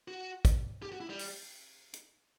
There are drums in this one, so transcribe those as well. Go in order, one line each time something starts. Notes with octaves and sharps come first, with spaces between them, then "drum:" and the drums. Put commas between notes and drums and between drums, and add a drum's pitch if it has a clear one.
F#4
drum: kick, hi-hat
G4
F#4
E4
G3
drum: open hi-hat
drum: hi-hat